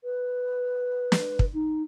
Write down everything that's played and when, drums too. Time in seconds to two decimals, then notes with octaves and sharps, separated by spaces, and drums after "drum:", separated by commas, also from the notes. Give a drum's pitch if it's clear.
0.03 B4
1.12 drum: snare
1.39 drum: kick
1.53 D#4